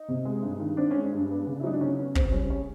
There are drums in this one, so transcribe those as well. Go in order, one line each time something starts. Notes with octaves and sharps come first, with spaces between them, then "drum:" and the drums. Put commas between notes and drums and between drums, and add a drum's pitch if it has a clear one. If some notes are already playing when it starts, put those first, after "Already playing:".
Already playing: D#4
C3
G#3
G2
D#3
C4 D4
G#3 C#4
D4
G2
B3
C#3
E4
F#3 D#4
D4
C#3 C#4
B3 C#4
C#3 C4, drum: kick
G3 C#4
C#4